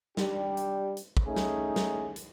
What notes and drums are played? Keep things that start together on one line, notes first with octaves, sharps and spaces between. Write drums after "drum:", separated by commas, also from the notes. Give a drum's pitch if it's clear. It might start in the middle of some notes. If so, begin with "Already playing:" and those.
G3 D4 G4, drum: snare
drum: hi-hat
drum: hi-hat
drum: kick
A3 C#4 D#4 G#4
drum: snare
drum: snare
drum: hi-hat